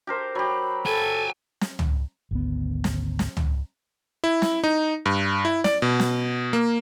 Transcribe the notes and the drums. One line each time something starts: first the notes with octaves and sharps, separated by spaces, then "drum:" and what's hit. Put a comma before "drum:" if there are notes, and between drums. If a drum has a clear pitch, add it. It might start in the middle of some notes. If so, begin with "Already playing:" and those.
G4 A#4 C5
F#3 G4 B5
A4 G5 G#5
drum: snare
drum: tom C#2
G#1 D2 B3
drum: snare
drum: snare
drum: tom C#2
E4
drum: snare
D#4
G2
E4
D5, drum: snare
B2
drum: snare
A#3